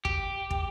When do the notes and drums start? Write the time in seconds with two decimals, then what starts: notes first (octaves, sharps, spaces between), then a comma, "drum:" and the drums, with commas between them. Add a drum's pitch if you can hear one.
0.05 G4, drum: kick
0.51 drum: kick